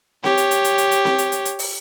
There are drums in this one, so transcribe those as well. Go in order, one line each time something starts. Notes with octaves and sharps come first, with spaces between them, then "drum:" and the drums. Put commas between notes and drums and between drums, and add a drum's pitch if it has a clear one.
G4 C#5, drum: snare C4
drum: hi-hat
drum: hi-hat
drum: hi-hat
drum: hi-hat
drum: hi-hat
drum: snare C4
drum: hi-hat
drum: hi-hat
drum: hi-hat
drum: open hi-hat